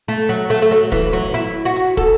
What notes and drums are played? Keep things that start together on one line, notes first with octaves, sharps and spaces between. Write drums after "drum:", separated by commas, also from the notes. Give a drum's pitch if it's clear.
A3, drum: hi-hat
F#3
A3, drum: hi-hat
A3
F#3
E3, drum: kick, hi-hat
F#3
E4, drum: hi-hat
F#4
drum: hi-hat
A4, drum: kick